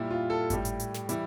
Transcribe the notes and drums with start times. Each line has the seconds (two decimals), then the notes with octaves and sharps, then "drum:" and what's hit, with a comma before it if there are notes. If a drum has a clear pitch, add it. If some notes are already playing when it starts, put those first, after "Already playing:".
Already playing: A#2 G3 E4
0.11 F4
0.30 A4
0.50 A2 G3, drum: kick G#1, hi-hat
0.65 drum: hi-hat
0.80 drum: hi-hat
0.94 drum: snare
1.09 E3 G3 E4, drum: hi-hat